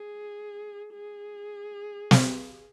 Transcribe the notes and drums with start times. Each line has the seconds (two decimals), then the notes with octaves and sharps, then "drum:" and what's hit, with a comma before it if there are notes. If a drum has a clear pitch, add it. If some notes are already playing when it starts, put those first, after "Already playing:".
Already playing: G#4
0.93 G#4
2.11 drum: snare